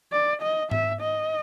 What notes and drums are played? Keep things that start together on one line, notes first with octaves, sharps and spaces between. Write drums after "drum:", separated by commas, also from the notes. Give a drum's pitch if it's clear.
D5
D#5
E5, drum: tom G#2
D#5